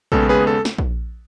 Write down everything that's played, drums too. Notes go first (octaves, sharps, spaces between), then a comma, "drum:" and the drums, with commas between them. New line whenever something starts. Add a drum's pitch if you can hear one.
D#2 C#3 G#3 B3 A4, drum: kick A#1
G#4 B4
A4
drum: snare
drum: kick A#1